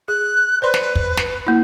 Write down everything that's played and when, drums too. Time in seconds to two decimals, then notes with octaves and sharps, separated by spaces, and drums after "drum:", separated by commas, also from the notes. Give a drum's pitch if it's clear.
0.08 G#4 F#6
0.62 B4 C5 D5 C6
0.74 drum: snare
0.95 drum: kick
1.17 drum: snare
1.47 A#3 E4